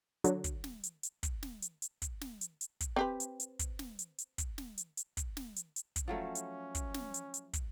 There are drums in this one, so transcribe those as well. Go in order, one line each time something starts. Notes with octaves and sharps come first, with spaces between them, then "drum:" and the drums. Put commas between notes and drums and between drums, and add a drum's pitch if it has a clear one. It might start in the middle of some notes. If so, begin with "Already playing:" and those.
D3 F#3, drum: hi-hat
drum: kick, hi-hat
drum: snare
drum: hi-hat
drum: hi-hat
drum: kick, hi-hat
drum: snare
drum: hi-hat
drum: hi-hat
drum: kick, hi-hat
drum: snare
drum: hi-hat
drum: hi-hat
drum: kick, hi-hat
C4 G4 B4
drum: hi-hat
drum: hi-hat
drum: kick, hi-hat
drum: snare
drum: hi-hat
drum: hi-hat
drum: kick, hi-hat
drum: snare
drum: hi-hat
drum: hi-hat
drum: kick, hi-hat
drum: snare
drum: hi-hat
drum: hi-hat
drum: kick, hi-hat
F3 F#3 A3 C#4
drum: hi-hat
drum: kick, hi-hat
drum: snare
drum: hi-hat
drum: hi-hat
drum: kick, hi-hat